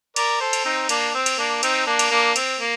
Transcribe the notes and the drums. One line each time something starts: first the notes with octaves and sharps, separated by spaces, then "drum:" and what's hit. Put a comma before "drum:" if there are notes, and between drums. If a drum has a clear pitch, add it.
A#4 D5, drum: cymbal
A4 C5
drum: cymbal
C4 D#4
A#3 D4, drum: cymbal
C4
drum: cymbal
A#3 D4
C4 D#4, drum: cymbal
A#3 D4
drum: cymbal
A#3 D4
C4, drum: cymbal
A#3